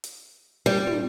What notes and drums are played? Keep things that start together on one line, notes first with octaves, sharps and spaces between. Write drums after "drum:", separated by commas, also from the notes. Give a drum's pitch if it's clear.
drum: hi-hat
G3
drum: tom